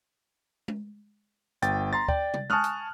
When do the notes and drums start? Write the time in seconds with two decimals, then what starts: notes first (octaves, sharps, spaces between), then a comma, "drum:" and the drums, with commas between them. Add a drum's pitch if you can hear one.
0.68 drum: tom G#3
1.62 G1 G5 A6, drum: hi-hat
1.93 A#5 C6 A6
2.08 D5 G5, drum: kick
2.34 drum: tom
2.50 G#5 A5 C#6 D#6 F6 F#6, drum: tom G#3
2.64 drum: hi-hat